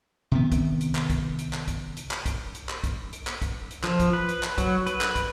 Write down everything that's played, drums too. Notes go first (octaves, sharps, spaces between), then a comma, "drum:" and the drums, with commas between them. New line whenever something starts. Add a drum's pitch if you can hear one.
C3 D#3 B3
drum: kick, hi-hat
drum: hi-hat
drum: clap
drum: kick, hi-hat
drum: hi-hat
drum: clap
drum: kick, hi-hat
drum: hi-hat
drum: clap
drum: kick, hi-hat
drum: hi-hat
drum: clap
drum: kick, hi-hat
drum: hi-hat
drum: clap
drum: kick, hi-hat
drum: hi-hat
F3, drum: clap
drum: kick, hi-hat
B4
drum: hi-hat
drum: clap
F#3, drum: kick, hi-hat
B4, drum: hi-hat
drum: clap
drum: kick, hi-hat